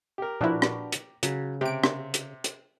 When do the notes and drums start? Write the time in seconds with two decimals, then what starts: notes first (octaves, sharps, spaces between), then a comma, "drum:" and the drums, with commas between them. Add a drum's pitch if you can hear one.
0.18 G4 A#4
0.41 A#2 F3 D4 E4 F#4 B4
0.62 drum: rim click
0.92 drum: hi-hat
1.23 C#3 F#3, drum: hi-hat
1.61 C3 G4 D7
1.84 drum: rim click
2.14 drum: hi-hat
2.44 drum: hi-hat